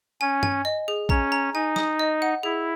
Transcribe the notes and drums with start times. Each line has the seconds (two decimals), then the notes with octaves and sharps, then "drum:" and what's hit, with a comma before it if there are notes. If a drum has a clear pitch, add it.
0.21 C#4 G#5
0.43 G#5, drum: tom G2
0.65 D#5
0.88 G#4
1.09 C#4 A#5, drum: kick
1.32 A#5
1.54 D#4 G#5
1.76 D#6, drum: snare
1.99 D#5
2.22 F#5
2.43 E4 G#4